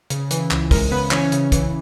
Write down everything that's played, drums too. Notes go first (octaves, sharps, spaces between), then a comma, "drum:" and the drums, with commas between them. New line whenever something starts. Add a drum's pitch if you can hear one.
C#3, drum: hi-hat
E3, drum: hi-hat
C#2, drum: clap
G#3 A#4, drum: kick, open hi-hat
C#3 B3 B4
E3 C#4 C#5, drum: clap
C#3, drum: hi-hat
E3, drum: kick, hi-hat